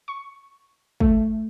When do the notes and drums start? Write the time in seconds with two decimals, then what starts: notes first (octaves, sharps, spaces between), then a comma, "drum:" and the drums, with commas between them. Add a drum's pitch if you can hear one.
0.08 C#6
1.00 A3, drum: kick